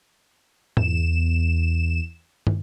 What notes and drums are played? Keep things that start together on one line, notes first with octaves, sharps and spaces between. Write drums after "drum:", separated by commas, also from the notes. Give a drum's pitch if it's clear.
E2 E7, drum: tom G#2
drum: tom